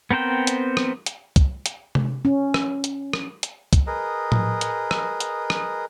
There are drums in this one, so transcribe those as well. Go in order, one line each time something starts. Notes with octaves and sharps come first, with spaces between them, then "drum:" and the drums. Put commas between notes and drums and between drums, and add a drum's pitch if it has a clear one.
B3 C4 A#4 C5 G5
drum: hi-hat
drum: rim click
drum: hi-hat
drum: kick, hi-hat
drum: hi-hat
drum: tom C3
C#4
drum: rim click
drum: hi-hat
drum: rim click
drum: hi-hat
drum: kick, hi-hat
G#4 A#4 B4 D#5
drum: tom A2
drum: hi-hat
drum: rim click
drum: hi-hat
drum: rim click